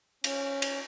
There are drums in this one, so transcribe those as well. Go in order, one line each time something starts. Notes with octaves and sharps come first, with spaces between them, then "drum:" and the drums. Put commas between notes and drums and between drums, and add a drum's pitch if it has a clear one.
C#4, drum: cymbal
drum: cymbal